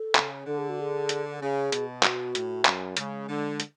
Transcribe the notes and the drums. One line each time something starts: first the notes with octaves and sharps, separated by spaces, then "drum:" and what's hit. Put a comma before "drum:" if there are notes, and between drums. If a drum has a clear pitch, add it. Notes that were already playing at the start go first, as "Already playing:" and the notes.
Already playing: A4
C#3, drum: clap
D3 A4
G#4
F#4
G#4
drum: hi-hat
A4
C#3 G#4
B2, drum: hi-hat
F#4, drum: clap
A2, drum: hi-hat
F#2, drum: clap
C#3 G#3, drum: hi-hat
D3
drum: hi-hat